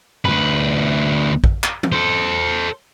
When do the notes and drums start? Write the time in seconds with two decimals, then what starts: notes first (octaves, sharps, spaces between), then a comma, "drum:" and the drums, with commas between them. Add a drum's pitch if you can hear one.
0.25 D2 B4, drum: tom F2
1.44 drum: kick
1.63 drum: clap
1.83 drum: tom E3
1.92 A4 C5